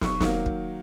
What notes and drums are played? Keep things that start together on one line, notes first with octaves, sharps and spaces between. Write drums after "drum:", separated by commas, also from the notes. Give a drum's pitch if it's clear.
B1 C#6, drum: snare
D#3 F#3 A#3, drum: snare
drum: kick